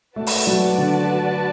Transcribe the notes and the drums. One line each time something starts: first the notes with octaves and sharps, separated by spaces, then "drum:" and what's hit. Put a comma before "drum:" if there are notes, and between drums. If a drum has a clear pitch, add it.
A3 F#4 B4 D5 A5
drum: open hi-hat
F#3
D3